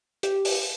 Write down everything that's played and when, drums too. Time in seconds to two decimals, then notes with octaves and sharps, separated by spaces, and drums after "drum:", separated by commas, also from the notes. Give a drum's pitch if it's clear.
0.23 G4, drum: hi-hat
0.45 drum: open hi-hat